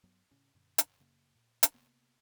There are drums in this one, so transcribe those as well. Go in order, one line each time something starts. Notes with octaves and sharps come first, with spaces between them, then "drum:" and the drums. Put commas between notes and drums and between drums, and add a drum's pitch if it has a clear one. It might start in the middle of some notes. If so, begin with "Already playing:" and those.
G2 F#3 B3
A2 C#3 C#4
F#2 A#2 D3
drum: hi-hat
F#2 C#3 A#3
A#2
drum: hi-hat
C3 A#3 B3